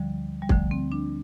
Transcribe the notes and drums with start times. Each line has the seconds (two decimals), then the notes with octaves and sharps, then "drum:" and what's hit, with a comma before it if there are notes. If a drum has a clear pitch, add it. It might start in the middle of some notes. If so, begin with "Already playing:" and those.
Already playing: D2 D3 F3 G3
0.42 G3
0.49 D2 D3 F3 A3, drum: kick
0.71 C4
0.92 D4